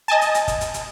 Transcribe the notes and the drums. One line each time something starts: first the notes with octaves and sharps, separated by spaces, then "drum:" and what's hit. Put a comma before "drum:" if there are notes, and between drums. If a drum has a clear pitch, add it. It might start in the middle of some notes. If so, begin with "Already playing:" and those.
D#5 G#5 A5
drum: hi-hat
drum: hi-hat
drum: kick G1, hi-hat
drum: hi-hat
drum: hi-hat